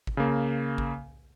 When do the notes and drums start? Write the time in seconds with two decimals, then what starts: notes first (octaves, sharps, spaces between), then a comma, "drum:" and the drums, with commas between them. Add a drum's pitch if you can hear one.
0.07 drum: kick G#1
0.17 C#3 A#3
0.78 drum: kick G#1